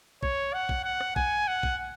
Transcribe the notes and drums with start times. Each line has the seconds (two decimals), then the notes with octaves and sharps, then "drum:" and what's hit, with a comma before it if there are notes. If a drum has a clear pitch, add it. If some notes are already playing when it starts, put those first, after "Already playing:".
0.23 C#5, drum: kick
0.54 F#5
0.69 drum: kick
0.84 F#5
1.01 drum: rim click
1.16 G#5, drum: kick
1.48 F#5
1.63 drum: kick